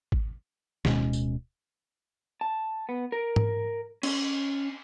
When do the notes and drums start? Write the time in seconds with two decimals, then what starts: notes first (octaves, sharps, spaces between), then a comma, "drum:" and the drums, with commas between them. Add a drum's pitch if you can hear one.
0.12 drum: kick G#1
0.85 D1 B2 G#3 C#4, drum: snare
1.13 drum: tambourine
2.41 A5
2.89 B3
3.12 A#4
3.36 drum: tom G#2
4.03 C#4, drum: cymbal